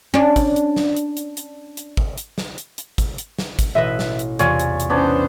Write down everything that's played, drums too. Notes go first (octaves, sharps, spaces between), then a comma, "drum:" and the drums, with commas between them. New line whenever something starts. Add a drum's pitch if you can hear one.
C#4 D4
drum: kick G#1, hi-hat
drum: hi-hat
drum: snare
drum: hi-hat
drum: hi-hat
drum: hi-hat
drum: hi-hat
drum: kick G#1
drum: hi-hat
drum: snare
drum: hi-hat
drum: hi-hat
drum: kick G#1, hi-hat
drum: hi-hat
drum: snare
drum: kick G#1, hi-hat
A1 B2 B4 D#5 E5
drum: snare
drum: hi-hat
E2 C3 E3 F4 C#5 D5 G#5, drum: hi-hat
drum: hi-hat
drum: hi-hat
B3 C#4 D4 C5 C#5